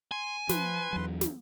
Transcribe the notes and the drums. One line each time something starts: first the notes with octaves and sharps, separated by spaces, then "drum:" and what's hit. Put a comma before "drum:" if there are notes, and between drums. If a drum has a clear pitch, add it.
G#5 C6
F3 B4 C6, drum: snare
E2 F#3
drum: snare